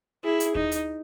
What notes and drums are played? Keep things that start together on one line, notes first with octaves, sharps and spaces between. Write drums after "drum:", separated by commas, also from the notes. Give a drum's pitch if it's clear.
E4 G#4
drum: hi-hat
D#4, drum: kick D#2
drum: hi-hat